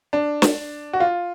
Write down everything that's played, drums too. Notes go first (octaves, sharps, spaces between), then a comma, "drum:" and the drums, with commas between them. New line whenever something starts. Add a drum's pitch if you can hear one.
D4
drum: snare
F#4
F4